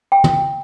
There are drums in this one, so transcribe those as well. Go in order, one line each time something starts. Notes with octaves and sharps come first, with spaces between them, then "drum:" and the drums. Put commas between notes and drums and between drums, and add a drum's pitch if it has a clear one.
G5
drum: tom